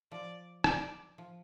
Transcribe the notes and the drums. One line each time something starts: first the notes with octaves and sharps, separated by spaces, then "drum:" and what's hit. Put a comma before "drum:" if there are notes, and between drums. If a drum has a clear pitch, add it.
F3 D5
D5, drum: rim click
F3